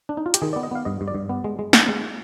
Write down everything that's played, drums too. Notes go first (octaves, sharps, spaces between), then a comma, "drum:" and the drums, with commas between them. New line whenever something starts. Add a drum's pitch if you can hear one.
D4
D#4
F4
G4, drum: hi-hat
D#3 G#4
D5
B3
D#5
B3 F5
G2 D#5
G2
D5
G2
B3
G#3
G#3
B3, drum: snare
G#3